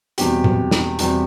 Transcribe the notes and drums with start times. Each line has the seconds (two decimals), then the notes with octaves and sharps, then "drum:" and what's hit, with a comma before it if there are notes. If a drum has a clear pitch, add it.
0.18 E2 B2 G3 C4 G4, drum: hi-hat
0.44 drum: tom A2
0.71 drum: snare
0.99 E2 B2 G3 C4 G4, drum: hi-hat